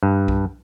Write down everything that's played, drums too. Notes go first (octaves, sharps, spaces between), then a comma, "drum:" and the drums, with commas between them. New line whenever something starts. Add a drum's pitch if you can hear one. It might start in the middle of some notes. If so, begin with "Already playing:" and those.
G2
drum: kick B1